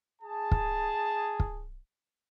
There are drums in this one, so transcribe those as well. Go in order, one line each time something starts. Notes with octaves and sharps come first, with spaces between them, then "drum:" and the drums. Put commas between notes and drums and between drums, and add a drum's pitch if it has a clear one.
G#4 A5
drum: kick
drum: kick